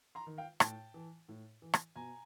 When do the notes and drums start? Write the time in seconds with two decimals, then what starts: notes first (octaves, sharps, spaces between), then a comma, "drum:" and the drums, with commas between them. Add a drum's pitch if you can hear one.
0.15 A#5 C6
0.27 D#3
0.38 F5 G5
0.60 A2 G5 A5, drum: rim click
0.94 E3
1.29 A2
1.62 E3
1.74 drum: rim click
1.96 B2 G#5 A#5